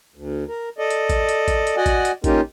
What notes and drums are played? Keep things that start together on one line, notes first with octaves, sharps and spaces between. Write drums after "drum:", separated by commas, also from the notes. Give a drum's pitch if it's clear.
D2
A#4
A4 D5 D#5
drum: hi-hat
drum: kick A1, hi-hat
drum: hi-hat
drum: kick A1, hi-hat
drum: hi-hat
F#4 D5 D#5 F#5 G#5
drum: kick A1, hi-hat
drum: hi-hat
A#3 C#4 D#4 F4 G4 A#4, drum: kick A1, hi-hat